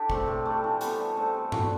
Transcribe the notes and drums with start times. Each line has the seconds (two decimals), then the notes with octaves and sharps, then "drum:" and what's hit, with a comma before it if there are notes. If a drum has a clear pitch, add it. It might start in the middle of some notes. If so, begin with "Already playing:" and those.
Already playing: D4 E4 G4 A4 D5
0.10 A2 A3 C4, drum: kick
0.28 A2
0.45 G3 A3
0.64 E3
0.81 G3 B3, drum: hi-hat
0.99 G3
1.16 A2 A3 C4
1.34 G3
1.52 G3 D4 F#4, drum: tom G2